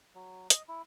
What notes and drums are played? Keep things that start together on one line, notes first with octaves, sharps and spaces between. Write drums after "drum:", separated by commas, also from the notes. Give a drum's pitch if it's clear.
F#3
D#5, drum: hi-hat
E4